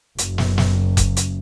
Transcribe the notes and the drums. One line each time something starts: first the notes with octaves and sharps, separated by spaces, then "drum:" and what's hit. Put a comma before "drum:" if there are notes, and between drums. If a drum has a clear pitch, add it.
F#1, drum: hi-hat
drum: snare
drum: snare
drum: kick F1, hi-hat
drum: hi-hat